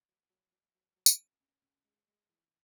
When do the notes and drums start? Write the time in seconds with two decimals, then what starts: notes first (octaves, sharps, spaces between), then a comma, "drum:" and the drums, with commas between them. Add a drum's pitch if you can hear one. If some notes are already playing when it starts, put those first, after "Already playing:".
0.08 F#3
0.30 F#3
0.51 F#3
0.74 F#3
0.96 F#3
1.06 drum: tambourine
1.18 C#3
1.40 C#3
1.62 C#3
1.84 G#3
2.07 G#3
2.29 E3